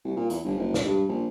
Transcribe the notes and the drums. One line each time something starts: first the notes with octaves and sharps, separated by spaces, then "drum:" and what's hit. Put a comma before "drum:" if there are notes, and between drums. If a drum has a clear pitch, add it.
C2
A#2
E2, drum: hi-hat
G1
F#1
drum: snare
G2
A#1